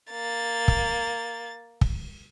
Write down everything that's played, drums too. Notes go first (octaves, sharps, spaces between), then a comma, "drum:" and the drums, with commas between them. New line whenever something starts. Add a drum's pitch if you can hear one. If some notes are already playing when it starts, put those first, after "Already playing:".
A#3 A6
drum: kick
drum: kick